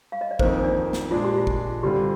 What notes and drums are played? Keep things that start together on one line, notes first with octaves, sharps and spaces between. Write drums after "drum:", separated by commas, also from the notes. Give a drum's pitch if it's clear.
F5
D#5
D5
F2 D#3 A#3 D#4 A#4 C5, drum: kick A1
D4 D5
drum: snare
A#2 G#3 D4 F4
G4
F4
drum: kick A1
G2 D3 G3 C4 F4 G4